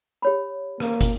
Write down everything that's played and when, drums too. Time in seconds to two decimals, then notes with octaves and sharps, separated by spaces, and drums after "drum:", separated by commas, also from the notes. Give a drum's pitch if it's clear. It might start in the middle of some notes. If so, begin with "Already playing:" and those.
0.22 G4 C#5 B5
0.80 A#3, drum: rim click
1.01 drum: kick, hi-hat